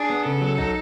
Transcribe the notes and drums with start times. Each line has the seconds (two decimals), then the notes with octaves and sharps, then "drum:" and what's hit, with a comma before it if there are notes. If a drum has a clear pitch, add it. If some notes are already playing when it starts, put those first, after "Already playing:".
Already playing: D4 G#4
0.10 B3
0.25 C#3 A4
0.41 F#3
0.58 D#4, drum: kick A#1